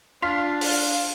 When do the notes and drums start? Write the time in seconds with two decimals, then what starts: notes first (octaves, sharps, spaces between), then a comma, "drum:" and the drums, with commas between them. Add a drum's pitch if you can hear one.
0.22 D4 F4 F5 C6 B6
0.61 drum: open hi-hat